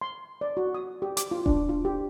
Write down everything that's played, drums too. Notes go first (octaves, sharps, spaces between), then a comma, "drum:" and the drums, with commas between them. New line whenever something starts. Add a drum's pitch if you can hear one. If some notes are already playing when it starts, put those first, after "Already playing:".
C6
D5
F#4
D#6
G4
D6, drum: hi-hat
F4
D4, drum: kick D#1
F4
G4